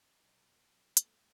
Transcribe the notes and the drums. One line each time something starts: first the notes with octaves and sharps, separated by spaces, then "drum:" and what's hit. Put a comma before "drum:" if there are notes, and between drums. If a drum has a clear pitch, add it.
B2 F#3 C#4 D#4
A#2 G3 A3 B3, drum: hi-hat